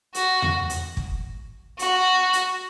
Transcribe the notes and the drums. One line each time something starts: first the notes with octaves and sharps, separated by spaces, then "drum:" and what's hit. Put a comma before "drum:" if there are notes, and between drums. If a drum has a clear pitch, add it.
F#4, drum: hi-hat
drum: tom E2
drum: hi-hat
drum: kick
F#4, drum: hi-hat
drum: hi-hat